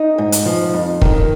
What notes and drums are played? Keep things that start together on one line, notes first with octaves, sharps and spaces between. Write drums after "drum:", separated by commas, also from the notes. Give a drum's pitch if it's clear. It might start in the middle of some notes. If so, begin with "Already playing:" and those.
Already playing: D#4
G#2
drum: hi-hat
F3
F2
D#3, drum: kick